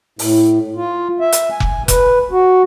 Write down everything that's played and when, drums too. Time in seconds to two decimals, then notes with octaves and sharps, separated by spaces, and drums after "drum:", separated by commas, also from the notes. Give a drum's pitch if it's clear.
0.19 A2, drum: open hi-hat
0.76 F4
1.20 E5
1.32 drum: hi-hat
1.51 G#5
1.60 drum: kick F1
1.88 B4, drum: kick F1, hi-hat
2.31 F#4